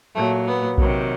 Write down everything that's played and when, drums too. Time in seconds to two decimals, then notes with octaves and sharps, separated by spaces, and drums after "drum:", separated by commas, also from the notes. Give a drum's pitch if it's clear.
0.15 A#2 F#3 A3
0.46 B3
0.78 C3 D#3 F#3, drum: kick A#1